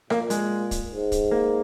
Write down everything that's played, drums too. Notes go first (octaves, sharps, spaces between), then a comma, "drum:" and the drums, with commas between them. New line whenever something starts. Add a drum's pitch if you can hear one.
A#2 A#3, drum: rim click
G#3, drum: hi-hat
drum: kick, hi-hat
G#2
drum: kick, hi-hat
A#3